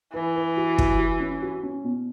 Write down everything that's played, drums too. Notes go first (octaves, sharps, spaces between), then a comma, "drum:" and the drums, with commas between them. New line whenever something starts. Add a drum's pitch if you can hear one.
E3 B4
B4
F#4
F#4, drum: kick
F#4
C#4
F#4
C#4
B2